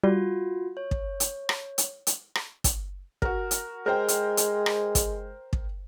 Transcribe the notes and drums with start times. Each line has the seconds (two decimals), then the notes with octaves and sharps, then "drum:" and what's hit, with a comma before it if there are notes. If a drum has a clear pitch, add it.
0.04 G3 F4 F#4
0.77 C#5
0.91 drum: kick
1.20 drum: hi-hat
1.49 drum: rim click
1.78 drum: hi-hat
2.07 drum: hi-hat
2.35 drum: rim click
2.64 drum: kick, hi-hat
3.22 F#4 A#4, drum: kick
3.51 drum: hi-hat
3.86 G#3 A#4 C5 G5
4.08 drum: hi-hat
4.37 drum: hi-hat
4.66 drum: rim click
4.95 drum: kick, hi-hat
5.53 drum: kick